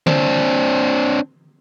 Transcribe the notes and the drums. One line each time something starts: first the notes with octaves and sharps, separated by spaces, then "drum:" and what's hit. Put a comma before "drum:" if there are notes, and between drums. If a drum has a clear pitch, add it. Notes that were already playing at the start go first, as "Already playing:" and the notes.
C4 D4, drum: tom D3